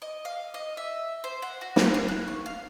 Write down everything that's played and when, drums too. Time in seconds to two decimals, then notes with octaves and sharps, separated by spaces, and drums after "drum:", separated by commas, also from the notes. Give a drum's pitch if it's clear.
0.02 D#5
0.25 F5
0.54 D#5
0.77 E5
1.24 C5
1.42 F#5
1.61 F#4
1.76 B4, drum: snare
1.94 F4
2.08 F#6
2.28 C#6
2.46 F5